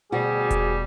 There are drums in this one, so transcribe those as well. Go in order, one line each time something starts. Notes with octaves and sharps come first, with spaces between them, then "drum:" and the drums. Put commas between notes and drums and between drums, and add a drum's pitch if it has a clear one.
D2 B2 G3 F#4 G#4
drum: kick E1, hi-hat